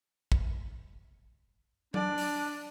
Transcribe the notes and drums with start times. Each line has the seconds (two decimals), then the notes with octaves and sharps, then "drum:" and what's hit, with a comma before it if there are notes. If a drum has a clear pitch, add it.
0.32 drum: kick
1.94 D4 D5, drum: tom F#3
2.18 drum: open hi-hat